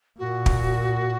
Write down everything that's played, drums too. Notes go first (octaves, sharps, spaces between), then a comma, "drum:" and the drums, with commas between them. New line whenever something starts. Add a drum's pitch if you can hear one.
A#2 F#4
drum: kick